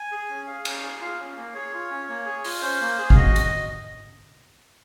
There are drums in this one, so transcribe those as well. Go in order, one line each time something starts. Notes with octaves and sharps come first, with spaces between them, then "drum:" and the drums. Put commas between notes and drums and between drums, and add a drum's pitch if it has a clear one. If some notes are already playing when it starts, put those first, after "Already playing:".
Already playing: G#5
G#4
C#4
G#4 F5
C#4, drum: cymbal
G#4
F4 F5
C#4
A#3
G#4 C#5
F4
C#4
A#3
G#4
F4, drum: open hi-hat
C#4 C5
A#3
G#4
F5, drum: kick
F#4 D#5
drum: hi-hat